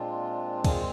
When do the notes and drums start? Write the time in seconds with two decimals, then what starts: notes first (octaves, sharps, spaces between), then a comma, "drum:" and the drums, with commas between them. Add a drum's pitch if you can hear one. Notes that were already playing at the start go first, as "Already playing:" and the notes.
Already playing: A#2 G#3 C4 D4 F4
0.64 F4 G#4, drum: kick, cymbal